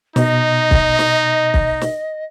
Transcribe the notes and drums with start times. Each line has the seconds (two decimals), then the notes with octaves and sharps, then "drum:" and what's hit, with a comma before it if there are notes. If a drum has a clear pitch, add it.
0.16 B2 D#4 D#5, drum: snare
0.71 drum: kick
0.99 drum: snare
1.54 drum: kick
1.81 drum: snare